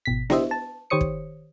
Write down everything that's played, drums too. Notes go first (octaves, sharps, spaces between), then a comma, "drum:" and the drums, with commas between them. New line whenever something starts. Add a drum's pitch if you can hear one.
G#1 B2 B6
D4 E4 G4 C5 D#5 E5, drum: snare B3
A5
D#3 G4 C5 C#5 D#6 C#7
drum: kick